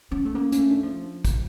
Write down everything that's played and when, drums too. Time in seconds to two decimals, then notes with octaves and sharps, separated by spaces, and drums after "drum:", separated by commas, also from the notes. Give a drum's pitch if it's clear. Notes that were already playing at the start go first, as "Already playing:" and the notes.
0.11 C#4
0.25 A3
0.34 A#3 C#4
0.52 C#4, drum: hi-hat
0.58 A3
0.71 D4
0.83 F3
1.25 drum: kick, hi-hat